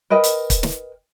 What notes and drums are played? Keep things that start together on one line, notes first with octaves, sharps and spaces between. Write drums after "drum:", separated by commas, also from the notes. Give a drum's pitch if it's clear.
A#4 B4 D#5 G5
drum: hi-hat
drum: kick, hi-hat
drum: snare